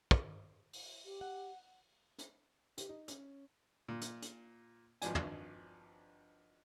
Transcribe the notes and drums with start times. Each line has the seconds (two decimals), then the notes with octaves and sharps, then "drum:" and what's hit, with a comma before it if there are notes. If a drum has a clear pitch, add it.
0.11 drum: kick
0.73 drum: open hi-hat
1.05 G4
1.21 F#5
2.19 drum: hi-hat
2.77 G4, drum: hi-hat
2.89 D#4
3.08 C#4, drum: hi-hat
3.88 A#2
4.01 drum: hi-hat
4.22 drum: hi-hat
5.02 G#1 G2 F3 D4 G#5, drum: hi-hat
5.15 drum: tom